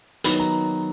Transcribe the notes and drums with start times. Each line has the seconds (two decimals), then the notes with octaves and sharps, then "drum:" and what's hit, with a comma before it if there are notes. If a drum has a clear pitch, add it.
0.24 D#3 F#3 B3 D#4 B5, drum: hi-hat
0.39 A#5